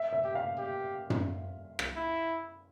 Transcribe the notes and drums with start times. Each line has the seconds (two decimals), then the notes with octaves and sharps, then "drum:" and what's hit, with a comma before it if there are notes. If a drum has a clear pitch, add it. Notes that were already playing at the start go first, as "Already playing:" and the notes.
Already playing: E5
0.13 E5
0.24 G4
0.35 F5
0.58 G4
1.10 drum: tom
1.79 drum: rim click
1.96 E4